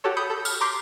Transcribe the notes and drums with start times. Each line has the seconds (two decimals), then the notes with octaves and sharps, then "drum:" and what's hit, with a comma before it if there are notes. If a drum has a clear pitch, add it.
0.04 F#4 G4 A4 C#5
0.17 B5 D#6 G6 C#7
0.30 A4
0.45 F6, drum: tambourine
0.61 A#5 C6 D6 G6 B6 C7